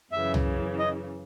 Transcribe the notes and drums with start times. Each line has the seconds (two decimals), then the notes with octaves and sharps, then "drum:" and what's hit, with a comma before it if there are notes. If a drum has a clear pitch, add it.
0.11 F#2 C#3 E3 E5
0.34 drum: tom
0.79 D#5